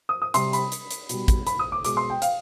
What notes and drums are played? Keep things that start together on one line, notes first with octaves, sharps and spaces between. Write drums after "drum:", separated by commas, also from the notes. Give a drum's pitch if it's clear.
D#6
D#6
C3 G3 C6, drum: hi-hat
B5, drum: hi-hat
drum: hi-hat
drum: hi-hat
B2 G3, drum: hi-hat
drum: kick, hi-hat
B5, drum: hi-hat
D#6
D6
B2 G#3 D6, drum: hi-hat
C6
G5
F5, drum: hi-hat